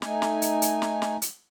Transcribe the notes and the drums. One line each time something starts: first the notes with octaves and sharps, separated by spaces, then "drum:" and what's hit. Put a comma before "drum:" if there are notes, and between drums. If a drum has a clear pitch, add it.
A3 D#4 G#5, drum: snare
drum: snare
drum: hi-hat
drum: hi-hat
drum: snare
drum: snare
drum: hi-hat